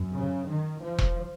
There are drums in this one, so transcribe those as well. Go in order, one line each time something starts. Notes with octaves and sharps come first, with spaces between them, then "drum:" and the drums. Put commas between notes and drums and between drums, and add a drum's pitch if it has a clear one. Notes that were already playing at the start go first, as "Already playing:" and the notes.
Already playing: F#2
C#3
D#3
F3
drum: kick E1